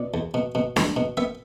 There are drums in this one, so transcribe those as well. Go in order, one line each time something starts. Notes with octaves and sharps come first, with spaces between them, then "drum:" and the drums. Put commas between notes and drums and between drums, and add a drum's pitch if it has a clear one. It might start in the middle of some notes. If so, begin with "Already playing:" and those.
Already playing: B2 D5
E2
B2
B2
E2, drum: snare D4
B2
B3 E5